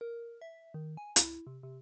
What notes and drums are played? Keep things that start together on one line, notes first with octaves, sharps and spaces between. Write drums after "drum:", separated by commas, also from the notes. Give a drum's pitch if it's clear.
A#4
E5
D#3
G#5
E4, drum: hi-hat
C3
C3